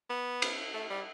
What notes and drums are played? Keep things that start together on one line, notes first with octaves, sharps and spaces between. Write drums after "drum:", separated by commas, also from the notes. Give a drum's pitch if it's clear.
B3
drum: cymbal
A3
G3